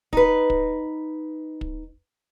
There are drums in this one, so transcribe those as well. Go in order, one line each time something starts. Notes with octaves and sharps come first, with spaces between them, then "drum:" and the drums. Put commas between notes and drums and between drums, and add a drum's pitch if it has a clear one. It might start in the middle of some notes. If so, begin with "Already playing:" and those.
D#4 B4, drum: kick
drum: kick
drum: kick